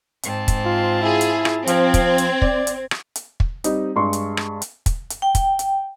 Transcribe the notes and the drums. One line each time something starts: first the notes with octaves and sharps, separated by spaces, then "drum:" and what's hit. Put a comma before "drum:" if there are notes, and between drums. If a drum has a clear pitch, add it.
G#2 C4 A5, drum: hi-hat
drum: kick, hi-hat
F4
E4 F4 G#4
drum: hi-hat
drum: rim click
F3 C4 G#6, drum: hi-hat
drum: kick, hi-hat
drum: hi-hat
D5, drum: kick
drum: hi-hat
drum: rim click
drum: hi-hat
drum: kick
G3 C4 D#4, drum: hi-hat
G2 G#3 C6 C#6
drum: hi-hat
drum: rim click
drum: hi-hat
drum: kick, hi-hat
drum: hi-hat
G5
drum: kick, hi-hat
drum: hi-hat